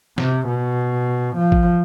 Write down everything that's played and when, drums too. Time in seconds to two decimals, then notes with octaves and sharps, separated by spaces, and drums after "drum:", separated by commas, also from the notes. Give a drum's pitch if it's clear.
0.18 C3, drum: snare
0.48 B2
1.37 F3
1.52 drum: kick G#1